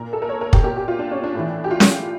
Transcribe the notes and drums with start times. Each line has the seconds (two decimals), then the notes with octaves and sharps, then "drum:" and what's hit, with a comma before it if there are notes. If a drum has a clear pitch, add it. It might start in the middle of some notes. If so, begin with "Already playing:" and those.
Already playing: A#2 A#4
0.13 A4
0.22 A#4
0.29 C#5
0.41 A#4
0.53 G4, drum: kick
0.64 A#2 G4
0.76 G4
0.88 F4
0.99 D4
1.11 C#4
1.23 D4
1.35 A2 E3
1.64 G4
1.71 F4
1.80 drum: snare C#4